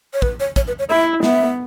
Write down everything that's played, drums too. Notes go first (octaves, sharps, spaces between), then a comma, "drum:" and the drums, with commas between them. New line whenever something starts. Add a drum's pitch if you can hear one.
C#5
B4, drum: kick
C#5
C#5, drum: kick, hi-hat
B4
C#5
E4 E5
B3 E5, drum: snare